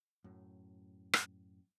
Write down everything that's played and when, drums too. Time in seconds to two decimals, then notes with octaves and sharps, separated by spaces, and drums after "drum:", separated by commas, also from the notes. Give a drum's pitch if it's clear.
0.24 F#2 A2
1.13 drum: rim click